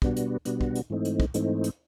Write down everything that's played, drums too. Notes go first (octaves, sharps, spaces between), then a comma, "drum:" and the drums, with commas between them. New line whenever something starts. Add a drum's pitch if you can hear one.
B2 G3 B3 D4 F#4, drum: kick
drum: hi-hat
B2 G3 B3 D4 F#4, drum: hi-hat
drum: kick
drum: hi-hat
G#2 E3 A3 C4 D#4
drum: hi-hat
drum: kick
G#2 E3 A3 C4 D#4, drum: hi-hat
drum: hi-hat